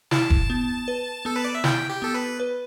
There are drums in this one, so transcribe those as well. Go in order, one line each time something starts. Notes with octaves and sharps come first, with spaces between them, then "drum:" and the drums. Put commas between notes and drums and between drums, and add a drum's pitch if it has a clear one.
E4 A5, drum: snare
drum: kick F1
B3
B4
B3 A4
B4
D5
E5
E4 G5, drum: snare
G4
B3 A4
B4
B4